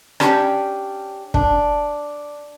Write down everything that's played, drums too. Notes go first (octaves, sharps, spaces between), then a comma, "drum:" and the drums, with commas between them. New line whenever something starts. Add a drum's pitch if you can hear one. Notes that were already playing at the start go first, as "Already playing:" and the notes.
C#4 D4 G4, drum: rim click
D4, drum: kick